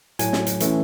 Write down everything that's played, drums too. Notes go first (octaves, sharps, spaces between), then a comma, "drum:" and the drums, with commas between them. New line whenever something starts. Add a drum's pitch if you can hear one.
A2 F#3 A3 G#5, drum: hi-hat
drum: snare
drum: hi-hat
E3 A3 C#4, drum: hi-hat